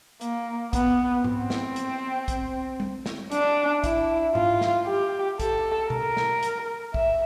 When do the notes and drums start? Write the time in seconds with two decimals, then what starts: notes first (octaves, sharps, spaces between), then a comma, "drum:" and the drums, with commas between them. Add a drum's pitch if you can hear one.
0.21 A#3, drum: hi-hat
0.73 B3, drum: kick, hi-hat
1.24 C4, drum: tom G#2
1.50 drum: snare
1.76 drum: hi-hat
2.28 drum: kick, hi-hat
2.80 drum: tom G3
3.06 drum: snare
3.31 D4, drum: hi-hat
3.84 E4, drum: kick, hi-hat
4.35 F4, drum: tom G#2
4.61 drum: snare
4.87 G4
5.40 A4, drum: kick, hi-hat
5.90 A#4, drum: tom B2
6.17 drum: snare
6.43 drum: hi-hat
6.94 E5, drum: kick